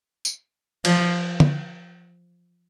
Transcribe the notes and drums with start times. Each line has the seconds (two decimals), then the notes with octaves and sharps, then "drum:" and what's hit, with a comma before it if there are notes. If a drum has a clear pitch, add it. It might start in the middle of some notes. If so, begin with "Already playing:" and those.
0.25 drum: tambourine
0.85 F3, drum: cymbal
1.40 drum: tom